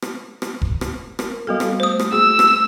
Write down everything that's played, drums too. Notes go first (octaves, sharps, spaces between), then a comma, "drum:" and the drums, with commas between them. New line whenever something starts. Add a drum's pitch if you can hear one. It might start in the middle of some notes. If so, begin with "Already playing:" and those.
drum: rim click
drum: rim click
drum: kick F1
drum: rim click
A#4, drum: rim click
G3 B3 F#4 A4 F5
drum: rim click
A3 C5 D#6
drum: rim click
A#3 F#4 G#4 E6
drum: rim click